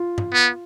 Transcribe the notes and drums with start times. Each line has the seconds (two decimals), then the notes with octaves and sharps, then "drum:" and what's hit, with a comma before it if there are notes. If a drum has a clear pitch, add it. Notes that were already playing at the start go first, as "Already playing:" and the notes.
Already playing: F4
0.18 drum: tom G2
0.33 B3